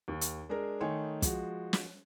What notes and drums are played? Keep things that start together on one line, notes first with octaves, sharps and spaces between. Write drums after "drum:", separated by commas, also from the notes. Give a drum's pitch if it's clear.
D#2
drum: hi-hat
G#3 D4 G#4 A#4
D#3 A3 D#4 C#5 G#5 C6
F3 G#3 F#4, drum: kick, hi-hat
drum: snare